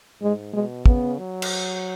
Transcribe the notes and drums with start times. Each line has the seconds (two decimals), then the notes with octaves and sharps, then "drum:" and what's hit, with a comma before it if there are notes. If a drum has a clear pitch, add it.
0.22 G#2 G#3
0.53 B2 G#3
0.86 C#3 B3, drum: kick
1.18 F#3
1.42 drum: cymbal